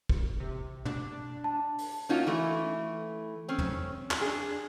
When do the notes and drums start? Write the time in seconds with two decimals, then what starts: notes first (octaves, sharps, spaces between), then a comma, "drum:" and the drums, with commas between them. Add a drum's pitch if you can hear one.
0.09 drum: kick
0.40 C3
0.85 D4, drum: tom
1.44 A5
1.78 drum: open hi-hat
2.09 A#3 C#4 D#4 F4 F#4
2.27 E3 A3
3.48 C4 C#4
3.58 drum: tom
4.11 drum: clap
4.21 D4 G#4